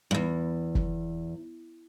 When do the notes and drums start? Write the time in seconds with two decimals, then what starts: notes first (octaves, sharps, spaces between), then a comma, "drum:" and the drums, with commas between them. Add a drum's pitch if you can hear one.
0.11 E2 G2
0.75 drum: kick